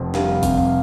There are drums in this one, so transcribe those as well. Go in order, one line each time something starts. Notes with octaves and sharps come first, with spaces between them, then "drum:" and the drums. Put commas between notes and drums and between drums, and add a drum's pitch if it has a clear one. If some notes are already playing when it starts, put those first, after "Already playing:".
Already playing: F1 F2 C3
G3 F5, drum: snare
C3, drum: kick F#1, hi-hat
F5